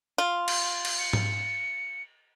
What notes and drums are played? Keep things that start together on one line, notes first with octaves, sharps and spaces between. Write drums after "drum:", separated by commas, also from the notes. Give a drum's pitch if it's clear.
F4
drum: cymbal
drum: cymbal
C#7
drum: tom G#2